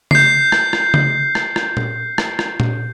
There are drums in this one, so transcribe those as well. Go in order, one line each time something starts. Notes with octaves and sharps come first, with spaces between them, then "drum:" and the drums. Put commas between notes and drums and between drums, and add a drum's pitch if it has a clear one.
G6 C7, drum: tom C#3
drum: rim click
drum: rim click
drum: tom C#3
drum: rim click
drum: rim click
drum: tom A#2
drum: rim click
drum: rim click
drum: tom A#2